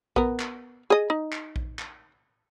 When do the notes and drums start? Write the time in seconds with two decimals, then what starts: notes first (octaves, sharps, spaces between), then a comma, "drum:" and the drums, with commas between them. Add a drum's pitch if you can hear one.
0.16 B3 A#4, drum: kick A#1
0.39 drum: clap
0.90 G#4 D#5
1.10 D#4
1.32 drum: clap
1.56 drum: kick A#1
1.79 drum: clap